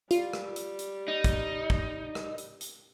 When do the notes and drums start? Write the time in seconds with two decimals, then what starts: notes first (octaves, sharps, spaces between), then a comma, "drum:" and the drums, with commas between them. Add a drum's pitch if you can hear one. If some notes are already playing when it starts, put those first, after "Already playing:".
0.11 G3 F4, drum: hi-hat
0.33 drum: rim click
0.56 drum: hi-hat
0.79 drum: hi-hat
1.08 D#4
1.24 drum: kick, hi-hat
1.70 drum: kick
2.15 drum: rim click
2.38 drum: hi-hat
2.61 drum: hi-hat